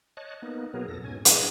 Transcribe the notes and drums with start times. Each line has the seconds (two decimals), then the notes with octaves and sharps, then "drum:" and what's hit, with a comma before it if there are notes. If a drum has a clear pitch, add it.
0.17 C#5 D#5 A5 F#6
0.42 A#3 B3 D#4
0.74 B2 F#3 B3 G#4 A#4
0.88 F2 A4 A#6
1.04 G#2 B2 C#4 G#5
1.25 E4 G#4 B4 D5 D#5, drum: hi-hat